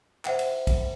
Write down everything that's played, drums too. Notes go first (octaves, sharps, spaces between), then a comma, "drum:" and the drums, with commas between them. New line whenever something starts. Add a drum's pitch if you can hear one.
C5 E5 F#5 G5, drum: clap
drum: cymbal
drum: kick, cymbal